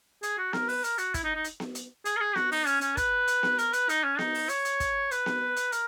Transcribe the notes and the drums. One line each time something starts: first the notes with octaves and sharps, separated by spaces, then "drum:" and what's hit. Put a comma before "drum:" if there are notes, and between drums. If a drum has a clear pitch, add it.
G#4, drum: hi-hat
F#4
A#4, drum: snare B3
B4, drum: open hi-hat
A#4, drum: hi-hat
F#4, drum: hi-hat
E4, drum: kick, hi-hat
D#4
D#4
drum: hi-hat
drum: snare B3
drum: hi-hat
G#4, drum: hi-hat
A#4
G#4
F#4, drum: snare B3
D#4, drum: open hi-hat
C#4, drum: hi-hat
C#4, drum: hi-hat
B4, drum: kick, hi-hat
drum: hi-hat
drum: snare B3
A#4, drum: hi-hat
B4, drum: hi-hat
D#4, drum: hi-hat
C#4
D#4, drum: snare B3
drum: open hi-hat
C#5, drum: hi-hat
drum: hi-hat
drum: kick, hi-hat
B4, drum: hi-hat
drum: snare B3
drum: hi-hat
A#4, drum: hi-hat